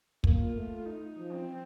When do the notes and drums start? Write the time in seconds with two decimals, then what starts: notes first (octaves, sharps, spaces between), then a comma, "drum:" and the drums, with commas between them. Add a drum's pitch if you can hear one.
0.24 A#3, drum: kick
0.40 F4
0.56 A3
0.86 D#4
1.18 F3
1.32 C4